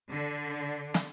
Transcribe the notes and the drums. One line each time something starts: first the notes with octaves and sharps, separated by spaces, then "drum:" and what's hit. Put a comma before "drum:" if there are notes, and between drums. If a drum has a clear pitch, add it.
D3
drum: snare